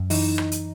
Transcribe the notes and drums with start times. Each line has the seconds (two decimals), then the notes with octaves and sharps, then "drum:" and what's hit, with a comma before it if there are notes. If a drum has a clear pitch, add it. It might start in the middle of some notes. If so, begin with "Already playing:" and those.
Already playing: F#2
0.10 E3 D#4, drum: open hi-hat
0.38 drum: rim click
0.52 drum: hi-hat